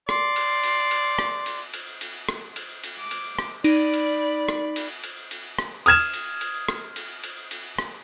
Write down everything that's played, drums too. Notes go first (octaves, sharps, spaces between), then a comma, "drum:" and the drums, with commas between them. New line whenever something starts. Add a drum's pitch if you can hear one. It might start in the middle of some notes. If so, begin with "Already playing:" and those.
D5 C6, drum: rim click
drum: cymbal
drum: cymbal
drum: cymbal
drum: rim click
drum: cymbal
drum: cymbal
drum: cymbal
drum: rim click
drum: cymbal
drum: cymbal
D6
drum: cymbal
drum: rim click
D#4 D5 B5 D7, drum: cymbal
drum: cymbal
drum: rim click
drum: cymbal
drum: cymbal
drum: cymbal
drum: rim click
D#6 F6 G#6 E7, drum: cymbal
drum: cymbal
drum: cymbal
drum: rim click
drum: cymbal
drum: cymbal
drum: cymbal
drum: rim click